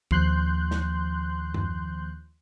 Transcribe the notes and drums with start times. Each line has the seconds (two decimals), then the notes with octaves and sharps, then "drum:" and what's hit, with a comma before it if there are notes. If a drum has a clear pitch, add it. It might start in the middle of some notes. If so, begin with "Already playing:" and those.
0.11 D#2 F3 C6 F#6 G6, drum: kick
0.71 drum: snare
1.54 drum: tom F#2